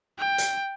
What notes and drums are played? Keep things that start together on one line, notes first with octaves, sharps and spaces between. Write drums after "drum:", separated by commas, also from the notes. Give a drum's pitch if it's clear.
G5
drum: hi-hat